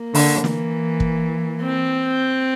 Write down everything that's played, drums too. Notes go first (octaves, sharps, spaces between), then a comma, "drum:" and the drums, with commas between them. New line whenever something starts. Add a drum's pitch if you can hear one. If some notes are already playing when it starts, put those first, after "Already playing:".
Already playing: A#3
D3, drum: open hi-hat
E3, drum: snare
drum: kick
C4